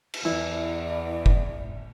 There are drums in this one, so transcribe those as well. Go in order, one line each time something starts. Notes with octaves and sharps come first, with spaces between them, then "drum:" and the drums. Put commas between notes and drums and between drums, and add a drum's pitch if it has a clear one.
drum: cymbal
E2 E3 E4 D5
drum: kick F1